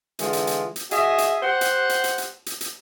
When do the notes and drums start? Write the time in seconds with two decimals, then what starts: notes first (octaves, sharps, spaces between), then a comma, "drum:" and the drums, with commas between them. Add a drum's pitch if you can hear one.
0.19 D3 E3 G#3 F4, drum: hi-hat
0.33 drum: hi-hat
0.47 drum: hi-hat
0.76 drum: hi-hat
0.91 F#4 G#4 D#5 E5, drum: hi-hat
1.18 drum: hi-hat
1.42 G4 C5 F#5
1.61 drum: hi-hat
1.89 drum: hi-hat
2.04 drum: hi-hat
2.18 drum: hi-hat
2.46 drum: hi-hat
2.61 drum: hi-hat